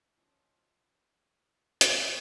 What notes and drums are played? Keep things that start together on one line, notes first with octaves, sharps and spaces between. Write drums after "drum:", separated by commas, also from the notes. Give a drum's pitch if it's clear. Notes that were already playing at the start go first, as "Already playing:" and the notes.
F3 C#4 D#5 C#6
drum: hi-hat